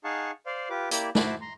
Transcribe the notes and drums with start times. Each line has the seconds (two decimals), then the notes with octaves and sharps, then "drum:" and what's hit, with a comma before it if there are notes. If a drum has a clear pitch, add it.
0.04 D#4 G#4 F5 F#5 A5 C#6
0.46 C5 D5 F5
0.70 F4 G4 B4 D6
0.91 A#3 E4 G4 D5 E5, drum: hi-hat
1.15 E4 F#4 C5 E5 A5 D6, drum: snare
1.41 A#5 C6